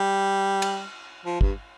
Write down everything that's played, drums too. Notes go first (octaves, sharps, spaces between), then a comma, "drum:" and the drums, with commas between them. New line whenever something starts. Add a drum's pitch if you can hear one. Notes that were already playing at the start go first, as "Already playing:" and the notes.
Already playing: G3
drum: cymbal
F3
G2, drum: kick